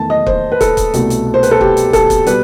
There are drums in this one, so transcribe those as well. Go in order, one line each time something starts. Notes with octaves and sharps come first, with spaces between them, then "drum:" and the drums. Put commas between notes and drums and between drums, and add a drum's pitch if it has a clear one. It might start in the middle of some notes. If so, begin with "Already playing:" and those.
Already playing: E2 D#3 A3 A5
D#5
C5, drum: kick
B4
A4, drum: kick, hi-hat
drum: kick, hi-hat
C2 B2 A3, drum: hi-hat
drum: hi-hat
C5
B4, drum: hi-hat
A4
G4, drum: kick
drum: hi-hat
A4, drum: kick, hi-hat
drum: kick, hi-hat
B2 G3 B4, drum: hi-hat